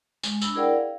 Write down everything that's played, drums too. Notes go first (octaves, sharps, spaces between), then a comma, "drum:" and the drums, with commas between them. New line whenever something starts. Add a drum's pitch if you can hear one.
G#3, drum: tambourine
D4 B5 E6, drum: tambourine
E4 G#4 A#4 D5 F#5 G5
F5